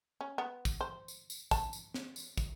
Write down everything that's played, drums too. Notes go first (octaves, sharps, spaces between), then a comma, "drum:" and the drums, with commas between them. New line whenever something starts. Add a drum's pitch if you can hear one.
C#4
B3
drum: kick, tambourine
C5
drum: tambourine
drum: tambourine
A5, drum: kick, tambourine
drum: tambourine
drum: snare
drum: tambourine
drum: kick, tambourine